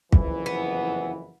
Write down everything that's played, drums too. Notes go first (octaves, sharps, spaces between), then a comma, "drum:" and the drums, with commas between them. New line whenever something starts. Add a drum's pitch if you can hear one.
F#1 F2 E3, drum: kick
B3